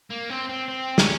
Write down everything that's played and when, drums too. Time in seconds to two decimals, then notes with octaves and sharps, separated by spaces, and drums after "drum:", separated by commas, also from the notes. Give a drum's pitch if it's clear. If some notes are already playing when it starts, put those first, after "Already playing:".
0.11 A#3
0.30 C4
0.50 C4
0.68 C4
0.98 C#4, drum: snare